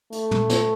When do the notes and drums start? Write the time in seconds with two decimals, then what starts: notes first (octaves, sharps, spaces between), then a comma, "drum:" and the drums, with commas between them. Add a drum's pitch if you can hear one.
0.12 A3, drum: hi-hat
0.31 drum: tom
0.49 drum: snare